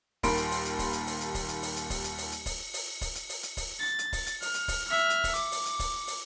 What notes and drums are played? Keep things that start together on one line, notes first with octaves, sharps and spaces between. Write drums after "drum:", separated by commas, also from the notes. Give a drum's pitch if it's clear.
D#1 D#2 A#4 B5 C6 D7, drum: kick, open hi-hat
drum: hi-hat
drum: open hi-hat
drum: hi-hat
drum: kick, open hi-hat
drum: hi-hat
drum: open hi-hat
drum: hi-hat
drum: kick, open hi-hat
drum: hi-hat
drum: open hi-hat
drum: hi-hat
drum: kick, open hi-hat
drum: hi-hat
drum: open hi-hat
drum: hi-hat
drum: kick, open hi-hat
drum: open hi-hat
drum: kick, open hi-hat
drum: hi-hat
drum: open hi-hat
drum: hi-hat
drum: kick, open hi-hat
A6
drum: hi-hat
drum: kick, open hi-hat
drum: hi-hat
F6, drum: open hi-hat
drum: hi-hat
drum: kick, open hi-hat
E5 F6
drum: hi-hat
drum: kick, open hi-hat
D6, drum: hi-hat
drum: open hi-hat
drum: hi-hat
drum: kick, open hi-hat
drum: open hi-hat